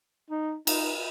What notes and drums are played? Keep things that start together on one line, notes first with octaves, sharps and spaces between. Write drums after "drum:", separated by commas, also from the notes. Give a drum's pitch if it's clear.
D#4
D#4, drum: cymbal